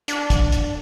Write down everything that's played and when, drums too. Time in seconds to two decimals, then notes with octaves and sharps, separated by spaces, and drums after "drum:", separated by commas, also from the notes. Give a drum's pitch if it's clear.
0.08 D4, drum: hi-hat
0.30 drum: kick, hi-hat
0.52 drum: hi-hat